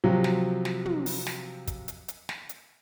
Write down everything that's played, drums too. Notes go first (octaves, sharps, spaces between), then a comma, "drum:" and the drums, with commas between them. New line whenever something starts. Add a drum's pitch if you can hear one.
C3 F3 F#3
drum: snare
drum: snare
drum: tom
drum: open hi-hat
drum: snare
drum: kick, hi-hat
drum: hi-hat
drum: hi-hat
drum: snare
drum: hi-hat